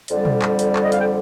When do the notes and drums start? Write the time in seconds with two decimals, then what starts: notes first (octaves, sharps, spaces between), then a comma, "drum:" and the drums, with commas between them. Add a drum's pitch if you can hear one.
0.08 F2 D3 G3 D5, drum: hi-hat
0.25 drum: tom
0.42 drum: clap
0.59 drum: hi-hat
0.76 D5, drum: clap
0.84 D#5
0.92 F5, drum: hi-hat
1.01 G5